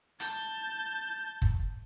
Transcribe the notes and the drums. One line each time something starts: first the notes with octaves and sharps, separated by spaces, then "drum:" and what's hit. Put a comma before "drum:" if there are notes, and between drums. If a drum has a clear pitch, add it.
A5 G6, drum: hi-hat
drum: kick